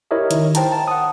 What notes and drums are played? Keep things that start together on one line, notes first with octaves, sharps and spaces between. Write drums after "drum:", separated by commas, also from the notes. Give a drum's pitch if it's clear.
E4 G4 A#4 C#5 D#5 E5
D#3, drum: hi-hat
C5 G5 A5 A#5, drum: hi-hat
A5
F#5 D#6